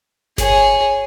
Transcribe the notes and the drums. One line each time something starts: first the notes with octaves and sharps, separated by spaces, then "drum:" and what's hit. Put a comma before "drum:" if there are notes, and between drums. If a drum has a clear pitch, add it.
G#4 C#5, drum: snare G1